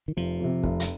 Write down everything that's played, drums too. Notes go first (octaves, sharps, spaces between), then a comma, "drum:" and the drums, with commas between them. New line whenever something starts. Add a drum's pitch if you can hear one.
D#3
F1 F3
F2 C3
F1, drum: kick
drum: hi-hat